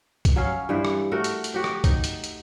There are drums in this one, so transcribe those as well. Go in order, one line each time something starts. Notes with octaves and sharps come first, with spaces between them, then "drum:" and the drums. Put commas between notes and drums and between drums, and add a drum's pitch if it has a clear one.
drum: kick, hi-hat
F#3 C#4 F5
G2 E3 B4 C5
drum: rim click
A3 F#4 A#4
drum: hi-hat
drum: hi-hat
F#4 G4
drum: rim click
D#4, drum: kick, hi-hat
drum: hi-hat
drum: hi-hat